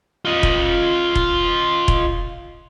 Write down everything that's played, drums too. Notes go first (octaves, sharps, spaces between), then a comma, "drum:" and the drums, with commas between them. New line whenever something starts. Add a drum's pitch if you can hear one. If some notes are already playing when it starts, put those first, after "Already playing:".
F4 D#5
drum: kick E1
drum: kick E1
drum: kick E1